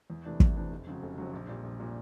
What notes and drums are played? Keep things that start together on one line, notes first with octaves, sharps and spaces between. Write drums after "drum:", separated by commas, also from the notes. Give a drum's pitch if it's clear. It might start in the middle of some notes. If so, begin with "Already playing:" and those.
E2
C3 E3 A3 D4
E2, drum: kick
C3 E3 A3 D4
F1
F2 C#3 F#3
F1
F2 C#3 F#3
A#1
A#2 G3
A#1
A#2 G3